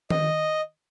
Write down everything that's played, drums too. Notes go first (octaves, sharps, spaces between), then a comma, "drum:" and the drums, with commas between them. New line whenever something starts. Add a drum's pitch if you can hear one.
D#5, drum: tom D#3